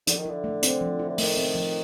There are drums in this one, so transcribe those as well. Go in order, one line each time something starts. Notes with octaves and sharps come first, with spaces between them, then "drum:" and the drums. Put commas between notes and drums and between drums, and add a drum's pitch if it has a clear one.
D3 F3, drum: hi-hat
D#3
D3 E4
A3
C4, drum: hi-hat
F3
E4
D3
D#3 A3, drum: open hi-hat
C4
F3